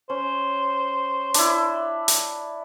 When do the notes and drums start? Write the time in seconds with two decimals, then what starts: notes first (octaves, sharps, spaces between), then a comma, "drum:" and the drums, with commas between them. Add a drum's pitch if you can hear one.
0.10 C#4 C5
1.34 D4 E4, drum: hi-hat
2.08 drum: hi-hat